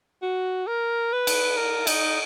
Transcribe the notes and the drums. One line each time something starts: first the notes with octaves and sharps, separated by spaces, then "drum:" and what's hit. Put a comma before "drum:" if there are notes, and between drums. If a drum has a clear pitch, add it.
F#4
A#4
B4
drum: cymbal
A#4
D#4, drum: cymbal